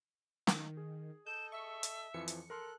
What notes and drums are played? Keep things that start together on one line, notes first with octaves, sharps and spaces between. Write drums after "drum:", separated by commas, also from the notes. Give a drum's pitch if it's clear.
D#3, drum: snare
G#4
A4 D#5 G6 E7
E5 C#6
drum: hi-hat
F2 E3 F3 C#7
drum: hi-hat
A4 A#4 C6 F6 F#6